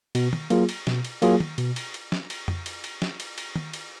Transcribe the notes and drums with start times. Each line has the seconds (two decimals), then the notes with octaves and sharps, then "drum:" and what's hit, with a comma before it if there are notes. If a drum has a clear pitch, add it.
0.15 B2, drum: cymbal
0.33 drum: tom
0.50 F#3 A#3 F4 G#4, drum: cymbal
0.69 drum: cymbal
0.87 B2, drum: snare
1.05 drum: cymbal
1.22 F#3 A#3 F4 G#4, drum: cymbal
1.40 drum: tom
1.58 B2, drum: cymbal
1.76 drum: cymbal
1.94 drum: cymbal
2.12 drum: snare
2.30 drum: cymbal
2.48 drum: tom F2
2.66 drum: cymbal
2.84 drum: cymbal
3.02 drum: snare
3.20 drum: cymbal
3.38 drum: cymbal
3.56 drum: tom
3.74 drum: cymbal